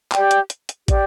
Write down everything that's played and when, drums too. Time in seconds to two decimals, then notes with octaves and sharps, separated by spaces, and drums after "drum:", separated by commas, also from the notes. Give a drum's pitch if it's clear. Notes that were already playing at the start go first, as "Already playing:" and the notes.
0.12 G4 D5 G5, drum: clap
0.31 drum: hi-hat
0.50 drum: hi-hat
0.69 drum: hi-hat
0.88 G4 D5 G5, drum: kick, hi-hat